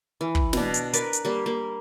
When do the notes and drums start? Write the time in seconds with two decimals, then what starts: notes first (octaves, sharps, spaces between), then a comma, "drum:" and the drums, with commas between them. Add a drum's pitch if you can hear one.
0.21 E3
0.35 drum: kick
0.53 B2 D4, drum: snare
0.74 drum: hi-hat
0.93 A#4 B4 D5, drum: hi-hat
1.13 drum: hi-hat
1.25 G3 A#3
1.46 A#3